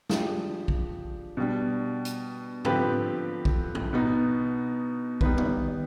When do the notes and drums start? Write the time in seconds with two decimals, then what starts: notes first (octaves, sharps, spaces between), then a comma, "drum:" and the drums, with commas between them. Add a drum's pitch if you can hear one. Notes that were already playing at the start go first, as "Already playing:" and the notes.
0.10 F3 G#3 D4 G4, drum: snare
0.68 drum: kick
1.37 B2 G3 D4
2.05 drum: hi-hat
2.65 D3 F3 C4 G4 B4, drum: tom
3.45 drum: kick
3.75 drum: tom
3.93 B2 B3 D#4
5.21 G3 B3 D#4 B4, drum: kick
5.38 drum: tom